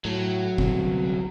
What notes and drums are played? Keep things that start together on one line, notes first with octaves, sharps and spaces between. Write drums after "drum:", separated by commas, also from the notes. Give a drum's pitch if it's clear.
A2 F#3
C2 D3 C4, drum: kick